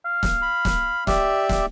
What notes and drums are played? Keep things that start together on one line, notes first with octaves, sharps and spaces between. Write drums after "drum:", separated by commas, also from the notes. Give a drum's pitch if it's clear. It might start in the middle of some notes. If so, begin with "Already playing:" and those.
F5
drum: snare
B5
drum: snare
G4 D5 E5, drum: snare
drum: snare